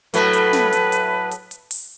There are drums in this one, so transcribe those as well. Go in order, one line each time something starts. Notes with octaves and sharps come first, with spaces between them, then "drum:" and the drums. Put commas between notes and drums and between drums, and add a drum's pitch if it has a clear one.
A2 F#3 A3 B4, drum: hi-hat
drum: hi-hat
drum: snare
drum: hi-hat
drum: hi-hat
drum: hi-hat
drum: hi-hat
drum: open hi-hat